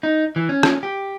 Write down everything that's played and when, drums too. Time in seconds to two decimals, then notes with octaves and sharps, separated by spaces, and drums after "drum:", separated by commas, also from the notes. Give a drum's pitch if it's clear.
0.03 D#4
0.36 E3
0.49 C#4
0.63 drum: rim click
0.83 G4